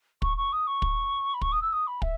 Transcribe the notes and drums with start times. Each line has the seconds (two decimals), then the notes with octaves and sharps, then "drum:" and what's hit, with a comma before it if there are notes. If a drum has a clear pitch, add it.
0.22 C#6, drum: kick
0.37 C#6
0.52 D#6
0.67 C#6
0.82 drum: kick
1.34 B5
1.41 C#6, drum: kick
1.52 D#6
1.62 E6
1.72 D#6
1.87 B5
2.02 E5, drum: kick